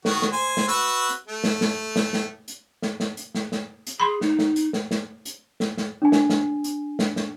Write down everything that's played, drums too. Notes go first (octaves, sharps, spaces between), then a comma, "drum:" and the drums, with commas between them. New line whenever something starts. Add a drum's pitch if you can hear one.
D#3 F#4, drum: snare
drum: snare
C5 G#5
drum: snare
F#4 B4 E6
drum: hi-hat
A3
drum: snare
drum: snare
drum: snare
drum: snare
drum: hi-hat
drum: snare
drum: snare
drum: hi-hat
drum: snare
drum: snare
drum: hi-hat
G#4 B5 C6
D#4, drum: snare
drum: snare
drum: hi-hat
drum: snare
drum: snare
drum: hi-hat
drum: snare
drum: snare
D4 G#5
drum: snare
drum: snare
drum: hi-hat
drum: snare
drum: snare